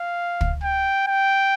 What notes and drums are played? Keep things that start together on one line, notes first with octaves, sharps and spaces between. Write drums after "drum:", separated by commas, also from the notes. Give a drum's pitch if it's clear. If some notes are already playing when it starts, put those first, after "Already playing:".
Already playing: F5
drum: kick
G5
G5